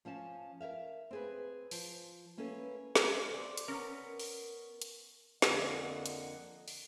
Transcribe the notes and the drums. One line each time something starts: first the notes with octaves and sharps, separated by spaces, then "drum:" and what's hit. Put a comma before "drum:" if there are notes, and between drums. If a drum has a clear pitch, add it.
F3 C#4 F5 A5
A#4 C#5 E5 F5
C4 G#4 B4
F3, drum: open hi-hat
A#3 C#4 E4 A4 B4
drum: snare
C5 D5
drum: hi-hat
B3 C#4 A#4
drum: open hi-hat
drum: hi-hat
F2 D3 A#3 D#5 F#5, drum: snare
drum: hi-hat
drum: open hi-hat